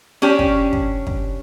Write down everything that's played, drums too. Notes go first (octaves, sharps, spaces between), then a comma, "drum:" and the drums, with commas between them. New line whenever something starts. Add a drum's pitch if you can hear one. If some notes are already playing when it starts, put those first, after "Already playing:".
C#4 D4 G4
drum: kick
drum: kick
drum: kick